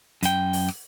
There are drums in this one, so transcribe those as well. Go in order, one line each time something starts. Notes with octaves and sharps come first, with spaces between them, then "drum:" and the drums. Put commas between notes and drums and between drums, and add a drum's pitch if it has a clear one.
F#2 G5, drum: hi-hat
drum: open hi-hat
drum: rim click